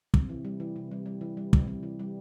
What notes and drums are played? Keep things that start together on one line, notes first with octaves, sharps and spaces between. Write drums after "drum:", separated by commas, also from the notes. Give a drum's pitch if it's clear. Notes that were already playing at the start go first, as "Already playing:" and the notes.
C3, drum: kick
E3
G3
E3
C3
G3
G3
E3
G3
C3, drum: kick
G3
E3
G3